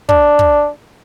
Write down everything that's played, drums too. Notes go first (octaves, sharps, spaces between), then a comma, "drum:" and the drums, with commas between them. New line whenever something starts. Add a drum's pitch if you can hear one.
D4, drum: kick
drum: kick